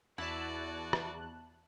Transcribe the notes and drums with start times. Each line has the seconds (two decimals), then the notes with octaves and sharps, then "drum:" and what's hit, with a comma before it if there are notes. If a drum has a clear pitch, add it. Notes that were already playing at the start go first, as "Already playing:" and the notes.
0.18 E2 E4 F#4 D5 A5 F#6
0.93 drum: rim click